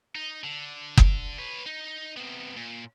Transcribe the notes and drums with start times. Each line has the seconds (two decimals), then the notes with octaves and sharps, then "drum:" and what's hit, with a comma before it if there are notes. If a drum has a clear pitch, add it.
0.15 D#4
0.44 D3
0.97 drum: kick F#1
1.38 B4 C#5
1.66 D#4
2.17 C3 B3
2.56 A#2